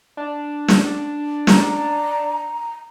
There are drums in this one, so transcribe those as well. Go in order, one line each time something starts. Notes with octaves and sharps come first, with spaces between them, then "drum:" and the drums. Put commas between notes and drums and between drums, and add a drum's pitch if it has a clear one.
D4
drum: snare
A#5, drum: snare